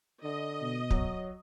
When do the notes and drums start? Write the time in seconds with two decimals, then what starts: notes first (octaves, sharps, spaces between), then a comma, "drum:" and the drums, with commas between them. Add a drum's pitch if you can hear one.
0.23 D3 D#5
0.61 B2
0.90 F#3 C#5, drum: kick